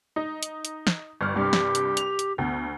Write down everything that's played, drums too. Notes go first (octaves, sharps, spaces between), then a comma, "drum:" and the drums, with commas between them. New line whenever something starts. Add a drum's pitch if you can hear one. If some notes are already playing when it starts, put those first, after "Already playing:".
D#4
drum: hi-hat
drum: hi-hat
drum: snare
G1 G3 F6
C2 G2 G4
drum: snare
drum: hi-hat
F7, drum: hi-hat
drum: hi-hat
D2 B3